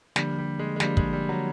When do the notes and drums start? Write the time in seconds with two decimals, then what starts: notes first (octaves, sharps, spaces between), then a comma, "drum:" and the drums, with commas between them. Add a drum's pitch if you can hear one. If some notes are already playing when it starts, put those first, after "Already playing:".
0.16 D3 F3 G3 A#3 D4, drum: snare
0.38 G3
0.59 G#3
0.76 G#3
0.80 D3 F3 G3 A#3 D4, drum: snare
0.97 G#3, drum: kick
1.13 G3
1.29 F#3